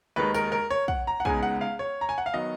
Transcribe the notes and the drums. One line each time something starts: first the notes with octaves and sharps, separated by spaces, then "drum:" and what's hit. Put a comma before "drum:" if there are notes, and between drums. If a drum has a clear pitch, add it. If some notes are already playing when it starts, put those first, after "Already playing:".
D#2 D#3 G#3 D#4 B4
A#4, drum: tambourine
A#4
C#5
F#5, drum: kick
A#5
F#5
C#2 C#3 G#3 B3 D#4 G#5, drum: kick
F#5
F5
C#5
A#5
G#5
F#5
F5
D#3 F#3 B3 D#5